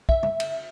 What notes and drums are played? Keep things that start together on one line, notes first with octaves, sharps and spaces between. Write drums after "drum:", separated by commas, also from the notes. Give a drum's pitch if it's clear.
E5, drum: kick
drum: tom
drum: cymbal